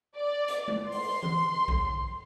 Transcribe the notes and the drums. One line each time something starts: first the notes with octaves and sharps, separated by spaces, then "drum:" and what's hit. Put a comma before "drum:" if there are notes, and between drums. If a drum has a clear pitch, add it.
D5
drum: hi-hat
drum: tom G#3
C6, drum: open hi-hat
drum: tom E3
drum: kick A#1